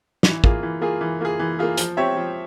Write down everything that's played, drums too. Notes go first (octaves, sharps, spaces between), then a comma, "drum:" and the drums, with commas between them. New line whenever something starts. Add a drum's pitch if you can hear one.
E3, drum: snare
A#3 F4 G#4, drum: kick
E3
A#3 F4 G#4
E3
A#3 F4 G#4
E3
A#3 F4 G#4
F3, drum: hi-hat
C4 G4 C#5 E5
F3